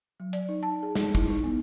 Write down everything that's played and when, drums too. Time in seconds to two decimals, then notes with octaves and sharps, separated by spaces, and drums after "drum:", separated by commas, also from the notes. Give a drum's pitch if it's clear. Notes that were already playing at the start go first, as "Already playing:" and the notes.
0.20 F#3
0.33 D5, drum: hi-hat
0.49 D#4
0.63 A5
0.83 G#4
0.95 D#4, drum: snare
1.15 E4, drum: kick, hi-hat
1.30 D#4
1.44 B3